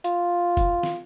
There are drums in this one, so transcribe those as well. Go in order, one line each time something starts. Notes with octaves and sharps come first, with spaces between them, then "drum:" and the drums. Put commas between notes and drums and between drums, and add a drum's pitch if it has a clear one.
F4, drum: hi-hat
drum: kick F#1, hi-hat
drum: snare